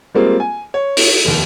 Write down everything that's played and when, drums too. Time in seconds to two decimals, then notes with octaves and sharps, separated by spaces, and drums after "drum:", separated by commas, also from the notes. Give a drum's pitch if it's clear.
0.15 G3 G#3 A#3 C4 F4
0.40 G#5
0.74 C#5
0.97 drum: open hi-hat
1.25 F1 D#2